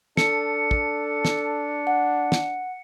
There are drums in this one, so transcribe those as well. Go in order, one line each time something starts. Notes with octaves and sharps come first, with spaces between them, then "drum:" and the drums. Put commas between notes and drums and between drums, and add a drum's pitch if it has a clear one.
D4 A4 C#7, drum: snare
drum: kick
drum: snare
F#5
drum: snare